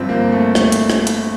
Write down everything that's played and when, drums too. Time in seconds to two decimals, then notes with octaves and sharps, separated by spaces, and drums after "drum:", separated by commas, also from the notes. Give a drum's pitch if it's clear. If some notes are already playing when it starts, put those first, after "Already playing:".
Already playing: G1 G2 F3 C4
0.09 A#3
0.32 A3
0.55 A3, drum: rim click
0.72 drum: hi-hat
0.90 drum: rim click
1.07 drum: hi-hat